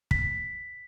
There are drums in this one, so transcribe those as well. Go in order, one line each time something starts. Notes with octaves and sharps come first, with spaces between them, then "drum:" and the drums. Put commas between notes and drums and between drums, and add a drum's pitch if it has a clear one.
B6, drum: kick